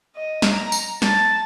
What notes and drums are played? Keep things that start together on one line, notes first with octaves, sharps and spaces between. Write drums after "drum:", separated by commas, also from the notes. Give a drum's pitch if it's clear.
D#5
drum: snare
A#5
drum: tambourine
A5, drum: snare